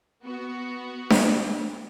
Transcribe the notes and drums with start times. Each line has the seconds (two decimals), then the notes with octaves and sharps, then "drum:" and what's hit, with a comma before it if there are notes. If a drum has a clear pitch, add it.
0.24 B3 F#4
1.10 drum: snare D4